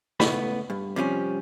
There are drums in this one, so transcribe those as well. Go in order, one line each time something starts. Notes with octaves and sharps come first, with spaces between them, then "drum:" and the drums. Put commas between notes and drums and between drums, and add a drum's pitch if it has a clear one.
C#2 A2 B3 D5 B5, drum: snare
G2
C3 F3 G3 C#4